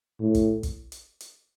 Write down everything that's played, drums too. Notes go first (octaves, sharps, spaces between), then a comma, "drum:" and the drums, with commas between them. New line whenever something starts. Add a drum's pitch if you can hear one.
A2
drum: kick, hi-hat
drum: kick, hi-hat
drum: hi-hat
drum: hi-hat